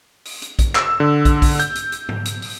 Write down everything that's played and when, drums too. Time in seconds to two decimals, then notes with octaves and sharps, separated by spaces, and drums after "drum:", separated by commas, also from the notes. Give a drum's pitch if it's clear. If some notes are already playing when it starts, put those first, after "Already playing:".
0.25 drum: open hi-hat
0.42 drum: hi-hat
0.59 drum: kick, hi-hat
0.75 E6, drum: clap
1.00 D3
1.25 drum: kick, hi-hat
1.42 drum: kick, open hi-hat
1.60 G6, drum: hi-hat
1.75 drum: hi-hat
1.92 drum: hi-hat
2.09 drum: tom G#2
2.25 drum: hi-hat
2.42 drum: open hi-hat